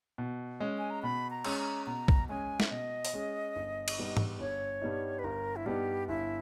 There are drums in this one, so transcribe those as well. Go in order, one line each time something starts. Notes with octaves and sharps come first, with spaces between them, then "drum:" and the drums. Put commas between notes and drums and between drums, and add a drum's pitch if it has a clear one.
B2
G#3 C#4 G#4
G#5
A#5
B2 B5
A#5
G#3 C#4 G#4, drum: cymbal
A#5
B2 A#5
drum: kick
G#3 C#4 G#4 G#5
E5, drum: snare
B2 D#5
drum: open hi-hat
G#3 C#4 G#4
G1
drum: cymbal
G2 G3 B3 D#4
drum: tom G#2
G1 C#5
G2 G3 B3 D#4
B4
G1 A#4
E4
G2 G3 B3 D#4 G4
G1 E4